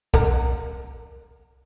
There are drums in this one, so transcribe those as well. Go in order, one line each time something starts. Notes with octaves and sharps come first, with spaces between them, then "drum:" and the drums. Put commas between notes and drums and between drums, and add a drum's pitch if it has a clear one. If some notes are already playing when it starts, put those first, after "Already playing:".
A#4 F#5 A#5, drum: kick